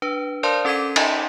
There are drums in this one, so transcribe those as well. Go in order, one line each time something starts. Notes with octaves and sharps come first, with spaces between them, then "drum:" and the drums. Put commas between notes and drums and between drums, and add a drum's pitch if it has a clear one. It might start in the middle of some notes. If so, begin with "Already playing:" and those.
D4 B4
A#4 C5 D5 F5 A5 C6
C#4 A4 D6 G#6 B6 D#7
D#4 D#5 A5, drum: cymbal